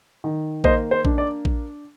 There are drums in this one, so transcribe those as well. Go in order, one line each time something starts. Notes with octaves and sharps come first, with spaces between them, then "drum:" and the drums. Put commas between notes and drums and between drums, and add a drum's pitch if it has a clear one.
D#3
A#3 C5 D#5, drum: kick A#1
C5
D4, drum: kick A#1
D5
drum: kick A#1